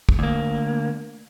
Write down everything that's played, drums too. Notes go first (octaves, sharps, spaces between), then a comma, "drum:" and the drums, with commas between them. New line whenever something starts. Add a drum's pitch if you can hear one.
drum: kick
D2 A#3